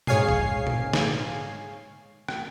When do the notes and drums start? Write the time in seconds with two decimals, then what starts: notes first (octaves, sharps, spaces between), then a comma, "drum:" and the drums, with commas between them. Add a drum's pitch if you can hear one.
0.07 G#2 G#4 C#5 F5 G#5 C7, drum: tom A#2
0.29 drum: kick A#1
0.67 drum: tom A#2
0.93 drum: snare
2.29 drum: rim click